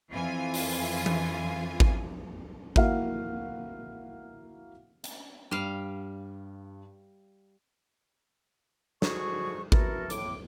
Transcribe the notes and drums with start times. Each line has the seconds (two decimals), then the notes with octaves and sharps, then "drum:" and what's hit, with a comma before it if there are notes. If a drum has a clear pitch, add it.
0.10 F2 E3 F4 G#5
0.54 drum: open hi-hat
1.06 drum: tom E3
1.80 drum: kick G#1
2.76 A#3 E4 F#4 F5 F#5, drum: kick G#1
5.04 drum: hi-hat
5.51 G2 G3 F5
9.02 G#2 D3 F#4 G#4 C#6, drum: snare
9.72 B3 E4 F#4 A4 A#4, drum: kick G#1
10.10 A2 D6, drum: hi-hat